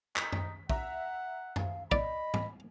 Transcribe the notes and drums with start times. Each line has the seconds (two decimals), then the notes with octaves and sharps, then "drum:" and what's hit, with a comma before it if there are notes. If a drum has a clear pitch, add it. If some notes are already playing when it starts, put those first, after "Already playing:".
0.16 D#4 B6, drum: clap
0.32 drum: tom F#2
0.70 E5 F#5 A#5, drum: kick
1.56 F5, drum: tom F#2
1.92 D5 D#5 B5, drum: kick
2.34 drum: tom G#2